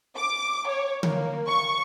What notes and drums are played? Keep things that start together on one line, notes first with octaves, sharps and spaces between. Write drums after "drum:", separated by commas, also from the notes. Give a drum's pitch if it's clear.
D6
C#5
A#3, drum: tom D3
C#6